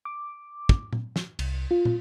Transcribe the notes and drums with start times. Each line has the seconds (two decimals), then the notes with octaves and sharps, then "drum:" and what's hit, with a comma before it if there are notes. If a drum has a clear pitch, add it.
0.05 D6
0.69 drum: kick
0.93 drum: tom
1.16 drum: snare
1.39 C2, drum: cymbal
1.71 F4
1.85 drum: tom